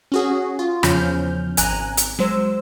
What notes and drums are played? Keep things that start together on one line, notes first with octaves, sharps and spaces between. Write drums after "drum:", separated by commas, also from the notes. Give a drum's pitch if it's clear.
C#4 F#4 G#4
F4
E2 C#3 F3 C#4 F6 G6, drum: rim click
G#1 G#5 A#5 F#6, drum: hi-hat
drum: hi-hat
F#3 G#3 C5 E6